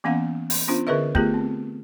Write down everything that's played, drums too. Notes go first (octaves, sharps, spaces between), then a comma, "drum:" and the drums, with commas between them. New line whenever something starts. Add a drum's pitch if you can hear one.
E3 A#3 B3 C#4 F5 F#5
drum: open hi-hat
B3 C#4 D4 F4 C5
D3 G#4 A#4 B4 D#5 E5
A3 B3 F4 G4 G#4, drum: kick
C4